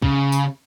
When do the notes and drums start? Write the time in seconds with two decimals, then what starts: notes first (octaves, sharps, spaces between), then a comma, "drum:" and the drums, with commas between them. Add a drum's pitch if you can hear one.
0.02 C#3, drum: kick
0.32 drum: tambourine